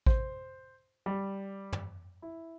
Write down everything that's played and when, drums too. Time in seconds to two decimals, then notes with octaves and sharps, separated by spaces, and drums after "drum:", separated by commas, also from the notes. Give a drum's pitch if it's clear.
0.06 C5, drum: kick A1
1.06 G3
1.73 drum: tom
2.22 E4